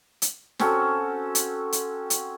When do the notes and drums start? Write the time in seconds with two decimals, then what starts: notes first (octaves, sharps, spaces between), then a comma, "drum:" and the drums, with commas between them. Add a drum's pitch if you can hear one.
0.22 drum: hi-hat
0.59 C4 C#4 F#4 A4, drum: snare
1.35 drum: hi-hat
1.72 drum: hi-hat
2.10 drum: hi-hat